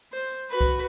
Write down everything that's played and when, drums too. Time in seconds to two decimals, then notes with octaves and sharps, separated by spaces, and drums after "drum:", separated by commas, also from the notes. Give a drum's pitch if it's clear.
0.12 C5
0.51 F#4 B4
0.61 drum: kick C2